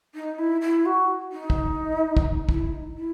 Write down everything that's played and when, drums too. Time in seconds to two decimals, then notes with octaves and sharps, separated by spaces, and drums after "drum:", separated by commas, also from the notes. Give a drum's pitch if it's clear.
0.15 D#4
0.38 E4
0.61 E4
0.85 F#4
1.32 D#4
1.50 drum: kick
2.17 drum: kick
2.49 E4, drum: kick
2.72 D#4
2.95 E4